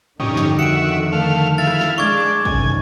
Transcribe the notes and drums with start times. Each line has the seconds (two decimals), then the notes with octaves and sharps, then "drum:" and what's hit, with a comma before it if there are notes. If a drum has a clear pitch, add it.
0.20 F2 D3 D#3 G3 C#4 D#4, drum: tom G2
0.37 drum: snare
0.59 F#4 E5 C#7 D7
1.12 A3 F5
1.58 E4 F5 A6
1.67 drum: rim click
1.81 drum: snare
1.98 G#3 D4 C#6 G#6
2.45 F#2 C3 D#3 G#5, drum: kick